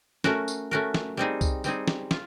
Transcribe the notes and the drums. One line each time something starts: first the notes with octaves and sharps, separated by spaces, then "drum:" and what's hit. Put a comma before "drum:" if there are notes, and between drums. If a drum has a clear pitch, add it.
A3 C#4 F#4 A#4, drum: snare
drum: tambourine
A3 C#4 F#4 A#4
drum: snare
G3 C4 D#4 G#4
drum: kick C2, tambourine
G3 C4 D#4 G#4, drum: tambourine
drum: snare
F4, drum: snare